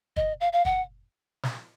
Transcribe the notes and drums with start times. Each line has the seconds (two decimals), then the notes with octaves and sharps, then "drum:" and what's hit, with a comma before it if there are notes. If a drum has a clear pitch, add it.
0.16 D#5, drum: kick
0.40 F5
0.52 F5
0.65 F#5, drum: kick
1.43 drum: snare